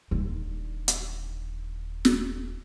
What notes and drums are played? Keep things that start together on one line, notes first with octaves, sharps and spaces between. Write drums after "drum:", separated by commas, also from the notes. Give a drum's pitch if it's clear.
D#1 D3
drum: hi-hat
drum: snare